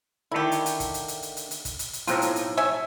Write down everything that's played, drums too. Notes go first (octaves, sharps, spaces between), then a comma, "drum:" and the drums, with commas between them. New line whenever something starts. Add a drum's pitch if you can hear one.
D3 D#3 A3 E4 G4
drum: hi-hat
drum: hi-hat
drum: kick, hi-hat
drum: hi-hat
drum: hi-hat
drum: hi-hat
drum: hi-hat
drum: hi-hat
drum: kick, hi-hat
drum: hi-hat
drum: hi-hat
B1 A2 C4 F4 A#5, drum: hi-hat
drum: hi-hat
drum: hi-hat
C#5 E5 G#5